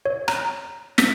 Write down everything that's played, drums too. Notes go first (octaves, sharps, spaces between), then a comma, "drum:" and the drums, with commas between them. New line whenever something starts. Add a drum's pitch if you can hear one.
C#5
A#5, drum: rim click
B6, drum: snare